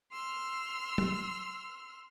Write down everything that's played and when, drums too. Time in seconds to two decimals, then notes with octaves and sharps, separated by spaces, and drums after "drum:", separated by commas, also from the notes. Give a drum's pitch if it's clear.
0.12 C6 E6 F6
0.98 drum: tom